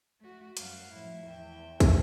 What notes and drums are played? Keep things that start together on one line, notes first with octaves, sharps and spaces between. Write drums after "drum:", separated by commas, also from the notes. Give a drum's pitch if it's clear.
A3 F#4
F#2 G3 F5 F#5, drum: hi-hat
A2 F3 E4
E2 E5 G5
drum: kick, hi-hat